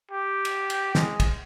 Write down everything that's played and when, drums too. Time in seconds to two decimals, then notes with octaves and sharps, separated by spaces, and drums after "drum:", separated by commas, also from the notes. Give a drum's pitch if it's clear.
0.11 G4
0.45 drum: cymbal
0.70 drum: cymbal
0.95 G#3, drum: snare
1.20 drum: kick, cymbal